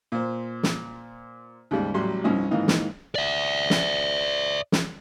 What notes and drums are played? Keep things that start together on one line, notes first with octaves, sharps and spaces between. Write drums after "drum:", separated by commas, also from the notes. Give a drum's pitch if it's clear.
A#2 C5
drum: snare
D#2 G#2 C#3 G3
A1 F#3 G3 C6
C2 G2 F3 C#4 D#4
G#2 D#3 E3 A#3 D#4 F4
drum: snare
D5 E5
drum: snare
drum: snare